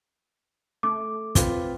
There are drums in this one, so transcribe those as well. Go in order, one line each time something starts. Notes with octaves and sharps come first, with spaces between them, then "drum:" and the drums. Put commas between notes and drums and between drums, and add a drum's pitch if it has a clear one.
A3 D6
C4 F4 B4, drum: kick, hi-hat